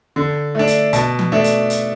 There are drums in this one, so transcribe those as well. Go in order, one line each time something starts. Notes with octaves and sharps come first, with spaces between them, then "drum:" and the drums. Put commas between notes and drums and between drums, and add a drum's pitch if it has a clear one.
D3
A3 D4
drum: hi-hat
B2 A5, drum: hi-hat
drum: tom E3
A3 D4
drum: hi-hat
drum: hi-hat